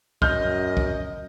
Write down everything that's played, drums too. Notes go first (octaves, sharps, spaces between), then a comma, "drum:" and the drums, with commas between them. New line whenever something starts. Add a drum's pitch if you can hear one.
F#2 D#5 F6 G6, drum: kick
drum: kick